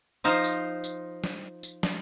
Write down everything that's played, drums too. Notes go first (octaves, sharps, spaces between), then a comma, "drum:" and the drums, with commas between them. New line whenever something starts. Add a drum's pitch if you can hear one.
F3 D#4 C5 F5 A#5
drum: tambourine
drum: tambourine
drum: snare
drum: tambourine
drum: snare